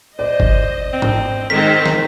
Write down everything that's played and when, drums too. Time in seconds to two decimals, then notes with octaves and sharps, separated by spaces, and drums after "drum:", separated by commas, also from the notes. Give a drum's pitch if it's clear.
0.19 C5 D5 D#5
0.40 drum: kick G1
0.93 C4
1.02 drum: tom G#2
1.50 D#3 G#3 C4 A#4 B6
1.86 drum: snare